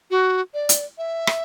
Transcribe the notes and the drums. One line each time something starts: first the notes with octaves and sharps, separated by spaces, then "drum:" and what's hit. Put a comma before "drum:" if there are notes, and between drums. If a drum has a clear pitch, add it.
F#4
D5
drum: hi-hat
E5
drum: rim click